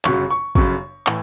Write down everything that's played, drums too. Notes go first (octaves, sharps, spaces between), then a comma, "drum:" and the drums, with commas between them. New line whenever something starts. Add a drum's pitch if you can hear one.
G1 F#2 C#3 F#3 C#6, drum: clap
C#6
G1 F#2 C#3 F#3 C#6, drum: kick
A2 E3, drum: clap